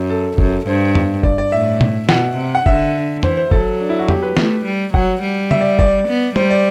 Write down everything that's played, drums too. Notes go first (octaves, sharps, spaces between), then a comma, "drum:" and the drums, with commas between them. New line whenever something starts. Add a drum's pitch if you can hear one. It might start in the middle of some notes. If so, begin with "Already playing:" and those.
Already playing: F#2
A4
F#2, drum: kick
G2 C5
drum: tom
D5, drum: kick
D5
A2 E5
drum: tom
B2 F#5, drum: snare
C3
F#5
D3 E5, drum: kick
E3 C5, drum: tom
C5
F#3 A4, drum: kick
D4
E4
F#4
G4, drum: tom
B4
A3, drum: snare
G3
F#3 F#5, drum: kick
G3
E5, drum: tom
D5
D5, drum: kick
B3
G3 C5, drum: tom
D5